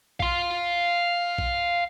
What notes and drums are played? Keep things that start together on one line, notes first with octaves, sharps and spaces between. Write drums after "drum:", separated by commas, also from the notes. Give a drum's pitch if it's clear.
F5 C6, drum: kick
drum: kick